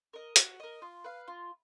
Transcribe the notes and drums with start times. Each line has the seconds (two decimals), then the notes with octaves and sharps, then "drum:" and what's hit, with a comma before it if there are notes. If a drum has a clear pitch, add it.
0.13 A#4 D#5
0.36 F#4, drum: hi-hat
0.60 A#4 D#5
0.82 F4
1.04 B4 F5
1.28 F4